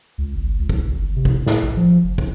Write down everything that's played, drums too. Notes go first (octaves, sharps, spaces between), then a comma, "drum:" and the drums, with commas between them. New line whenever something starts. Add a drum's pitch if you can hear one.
C#2
G1
C#2
drum: kick
G#1
G1
C3
drum: kick
A2, drum: snare
A1
F3
F#1
drum: kick